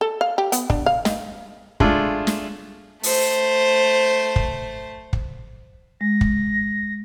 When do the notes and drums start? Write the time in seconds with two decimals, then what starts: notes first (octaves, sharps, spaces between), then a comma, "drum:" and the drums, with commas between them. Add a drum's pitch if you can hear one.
0.01 A4
0.21 F5
0.38 G4
0.52 B3, drum: hi-hat
0.70 D4, drum: kick
0.86 F5
1.05 D#3, drum: snare
1.80 G#3 A3 D4 F4, drum: kick
2.27 drum: snare
3.03 A3 C5, drum: open hi-hat
4.36 drum: kick
5.13 drum: kick
6.01 G#3 A#6
6.21 drum: kick